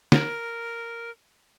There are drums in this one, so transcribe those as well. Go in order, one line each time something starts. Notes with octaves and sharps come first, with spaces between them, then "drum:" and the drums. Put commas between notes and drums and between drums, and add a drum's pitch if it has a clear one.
A#4, drum: snare